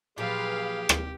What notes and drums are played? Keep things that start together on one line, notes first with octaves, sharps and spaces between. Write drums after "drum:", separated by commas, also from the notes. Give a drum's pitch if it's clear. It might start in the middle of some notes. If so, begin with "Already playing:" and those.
A#2 F3 F#3 G4 G#4 B4 F5
drum: rim click